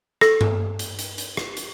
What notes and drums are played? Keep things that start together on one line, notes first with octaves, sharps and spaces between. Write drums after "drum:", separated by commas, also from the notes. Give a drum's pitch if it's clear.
A4 A#6, drum: rim click
drum: tom G2
drum: hi-hat
drum: hi-hat
drum: hi-hat
drum: rim click
drum: hi-hat